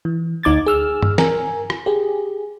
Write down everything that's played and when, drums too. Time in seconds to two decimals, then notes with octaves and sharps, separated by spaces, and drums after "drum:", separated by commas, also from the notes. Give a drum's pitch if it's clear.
0.05 E3
0.43 D2 D#4 D6 G#6 A6
0.67 G#4 E6 F6
1.02 drum: tom G2
1.18 A#4 G#5, drum: snare
1.70 drum: rim click
1.86 G4 G#4